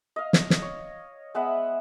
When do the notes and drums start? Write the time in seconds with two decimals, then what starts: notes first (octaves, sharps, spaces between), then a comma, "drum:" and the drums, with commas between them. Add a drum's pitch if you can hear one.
0.16 D#5 F5
0.33 drum: snare
0.50 drum: snare
0.62 C#5
1.35 G#3 B3 E5 F#5